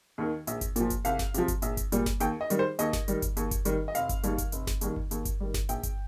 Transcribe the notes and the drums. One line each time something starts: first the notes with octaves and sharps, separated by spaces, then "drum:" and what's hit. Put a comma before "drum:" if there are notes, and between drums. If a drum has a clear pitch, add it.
D#2 D#3
A#1, drum: hi-hat
drum: kick G1, hi-hat
A#2 F3, drum: hi-hat
drum: kick G1, hi-hat
C2 F5, drum: hi-hat
drum: snare G1
C3 F3, drum: hi-hat
drum: kick G1, hi-hat
A#1, drum: hi-hat
drum: kick G1, hi-hat
A#2 G3, drum: hi-hat
drum: snare G1
D#2 G5, drum: hi-hat
D#5
D#3 G3, drum: hi-hat
C5
D#2 D#5, drum: hi-hat
drum: snare G1
D#3 G3, drum: hi-hat
drum: kick G1, hi-hat
D#2, drum: hi-hat
drum: kick G1, hi-hat
D#3 G3, drum: hi-hat
D#5
F1 F5, drum: hi-hat
drum: kick G1, hi-hat
D#2 D#3 G3, drum: hi-hat
drum: kick G1, hi-hat
F1, drum: hi-hat
drum: snare G1
D#2 D#3 G3, drum: hi-hat
drum: kick G1
D#2, drum: hi-hat
drum: kick G1, hi-hat
D#3 G3
drum: snare G1
A#1 G5, drum: hi-hat
drum: kick G1, hi-hat